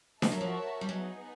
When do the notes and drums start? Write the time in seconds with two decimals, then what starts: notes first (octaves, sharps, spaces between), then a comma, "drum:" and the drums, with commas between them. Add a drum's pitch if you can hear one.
0.22 F3 F#4 A#4 C#5 E5 A5, drum: snare D4
0.32 F#3
0.41 F3
0.81 G3
0.89 F#3 B3 D#4 G#4